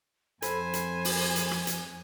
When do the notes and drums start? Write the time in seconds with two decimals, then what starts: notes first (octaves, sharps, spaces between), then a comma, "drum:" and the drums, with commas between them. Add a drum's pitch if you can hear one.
0.42 F2 A4 C5 G#5 B5, drum: hi-hat
0.73 drum: hi-hat
1.05 drum: open hi-hat
1.36 drum: hi-hat
1.51 drum: rim click
1.67 drum: hi-hat